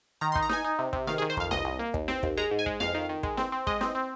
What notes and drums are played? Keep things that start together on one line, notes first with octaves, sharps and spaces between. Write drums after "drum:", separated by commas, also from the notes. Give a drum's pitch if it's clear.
D#3 A#5
C6
D#4, drum: kick
A#5
D#4 G#5, drum: snare
D#4
C3
C3, drum: kick
D#3 F5, drum: snare
G#4
D#3
C5
F2 F5, drum: kick
C2 D#5, drum: snare
C2
A#3
D#2, drum: kick
C4, drum: snare
D#2, drum: kick
G#3 A#5
G#2
G#5
G#3, drum: kick
F2 F5, drum: snare
D#3
D#3
G#3, drum: kick
C4, drum: snare
C4
G#3 D#5, drum: kick
C4, drum: snare
C4